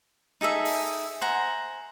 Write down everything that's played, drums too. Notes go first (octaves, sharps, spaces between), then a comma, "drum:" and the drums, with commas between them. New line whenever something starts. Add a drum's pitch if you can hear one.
D#4 G#4 A4 E5
drum: open hi-hat
C5 F#5 G#5 A#5